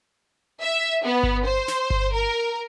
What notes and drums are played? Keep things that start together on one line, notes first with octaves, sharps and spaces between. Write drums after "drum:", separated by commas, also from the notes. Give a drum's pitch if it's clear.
E5
B3
drum: kick G1
C5
drum: snare
drum: kick G1
A#4